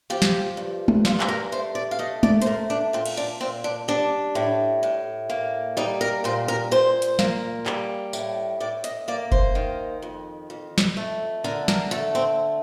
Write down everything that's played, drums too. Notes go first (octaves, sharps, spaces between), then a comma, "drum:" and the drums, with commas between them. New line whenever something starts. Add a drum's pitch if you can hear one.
F3 G4
drum: snare
G2
drum: tom G#3
G2 F4, drum: snare
C5, drum: clap
A#4
A3 C5
D5
F5
A3 D#5
D5, drum: tom G#3
C5, drum: hi-hat
A3 A#4
D4
A#2 C4
drum: cymbal
D4
A#2 C4
D4
G3 D4
A2
A2
A#3
G3 D#4
A#4
A#2 C5
A#4
A#2 C5
drum: hi-hat
A#3, drum: snare
G3, drum: clap
A2, drum: tambourine
A2 D5
D#5, drum: hi-hat
A#3 D5
C5, drum: kick F#1
D#3
F2
F2
drum: snare
A3
D3 A#4
A#4, drum: snare
A3 A4
C4